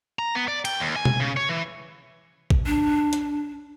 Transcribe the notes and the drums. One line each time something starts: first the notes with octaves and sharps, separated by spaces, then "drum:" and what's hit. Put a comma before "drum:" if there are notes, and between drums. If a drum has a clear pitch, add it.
A#5
B3
D5
G5, drum: cymbal
D#2
G#5
drum: tom B2
C#3
C#5
E3
drum: kick
D4
drum: hi-hat